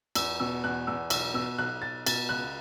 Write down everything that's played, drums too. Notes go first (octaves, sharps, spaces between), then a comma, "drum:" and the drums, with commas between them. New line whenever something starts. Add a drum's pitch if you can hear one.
E2 E6, drum: cymbal
B2 E6
E2 F#6
E2 E6
B1 E6, drum: cymbal
B2 E6
B1 F#6
B1 A6
B2 A6, drum: cymbal
C#2 F#6